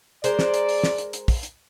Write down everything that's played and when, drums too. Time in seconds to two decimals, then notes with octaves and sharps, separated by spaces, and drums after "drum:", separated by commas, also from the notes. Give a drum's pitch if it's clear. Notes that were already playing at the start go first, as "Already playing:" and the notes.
0.24 G#3 A#4 C5 D5, drum: hi-hat
0.39 drum: snare
0.54 drum: hi-hat
0.69 drum: open hi-hat
0.83 drum: snare
0.98 drum: hi-hat
1.13 drum: hi-hat
1.28 drum: kick, open hi-hat
1.43 drum: hi-hat